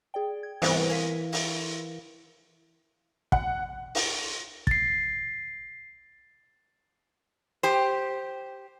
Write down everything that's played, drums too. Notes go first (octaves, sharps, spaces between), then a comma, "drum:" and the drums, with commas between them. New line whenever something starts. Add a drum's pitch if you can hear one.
G#4 D5 G5
G#6
C2 G#2 E3 B3 D#6, drum: open hi-hat
A#4 F5 G#5 B6
E4, drum: open hi-hat
F#5, drum: kick
drum: open hi-hat
A6 C7, drum: kick
G4 C5